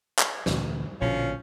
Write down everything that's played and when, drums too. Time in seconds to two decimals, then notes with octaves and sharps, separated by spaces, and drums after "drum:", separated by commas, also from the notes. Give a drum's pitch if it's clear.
0.19 drum: clap
0.46 D2 A#2 E3, drum: snare
1.01 A#1 B2 D3 F3 C#4